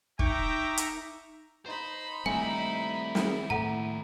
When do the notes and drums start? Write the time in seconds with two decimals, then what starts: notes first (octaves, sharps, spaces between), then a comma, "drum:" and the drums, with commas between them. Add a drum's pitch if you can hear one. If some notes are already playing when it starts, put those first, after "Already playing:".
0.19 D#4 E5 G5 A#5 C#6 D6, drum: kick
0.77 drum: hi-hat
1.66 D#4 C5 B5
2.26 D#2 G3 A3 C4 E4 G#5
3.15 drum: snare
3.50 A2 A4 F#5 A#5